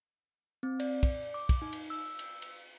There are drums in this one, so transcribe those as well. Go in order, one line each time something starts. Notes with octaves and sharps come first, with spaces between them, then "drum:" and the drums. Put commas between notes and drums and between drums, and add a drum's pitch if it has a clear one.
C4
D5, drum: cymbal
drum: kick, cymbal
D6
drum: kick, cymbal
D#4
drum: cymbal
E6
drum: cymbal
drum: cymbal